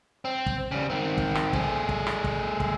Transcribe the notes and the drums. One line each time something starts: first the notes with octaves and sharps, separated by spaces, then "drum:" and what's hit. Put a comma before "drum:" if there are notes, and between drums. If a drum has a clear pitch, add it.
C4
drum: kick
C#3 G3
D#3 C4
drum: kick
drum: rim click
A3 G#4, drum: kick
drum: kick
drum: rim click
drum: kick
drum: kick